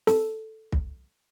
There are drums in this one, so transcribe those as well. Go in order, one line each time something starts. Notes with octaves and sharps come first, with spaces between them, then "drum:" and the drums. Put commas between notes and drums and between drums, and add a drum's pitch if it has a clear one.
A4, drum: snare
drum: kick